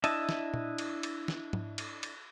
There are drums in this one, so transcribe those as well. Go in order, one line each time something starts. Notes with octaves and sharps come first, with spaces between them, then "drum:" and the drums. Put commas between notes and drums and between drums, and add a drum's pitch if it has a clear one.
D4 E4 D#5 E5 A5, drum: cymbal
drum: snare
drum: tom A#2
drum: cymbal
drum: cymbal
drum: snare
drum: tom G#2
drum: cymbal
drum: cymbal